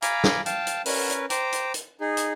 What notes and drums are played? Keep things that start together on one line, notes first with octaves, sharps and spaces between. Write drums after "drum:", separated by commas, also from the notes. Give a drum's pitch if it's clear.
F5 G#5 A#5 B5 D6, drum: hi-hat
drum: snare
F5 G5 A5, drum: hi-hat
drum: hi-hat
C#4 A#4 B4, drum: open hi-hat
drum: hi-hat
C5 G5 A#5 D6, drum: hi-hat
drum: hi-hat
drum: hi-hat
D#4 G#4
drum: hi-hat